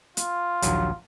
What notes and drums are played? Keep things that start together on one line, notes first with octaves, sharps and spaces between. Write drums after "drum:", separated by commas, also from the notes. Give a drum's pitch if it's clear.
F4, drum: hi-hat
A#1 D#2 F#3, drum: hi-hat